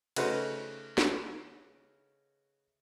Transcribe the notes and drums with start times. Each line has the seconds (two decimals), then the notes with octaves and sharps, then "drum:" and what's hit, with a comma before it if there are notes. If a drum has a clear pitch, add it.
0.16 C#3 A3 D#4 F#4 B4 C5, drum: cymbal
0.98 drum: snare